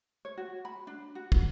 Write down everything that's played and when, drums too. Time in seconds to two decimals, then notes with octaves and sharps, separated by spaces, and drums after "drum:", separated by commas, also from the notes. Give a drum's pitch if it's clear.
0.25 C#5
0.37 F#4
0.65 B5
0.87 D4
1.15 F#4
1.32 drum: kick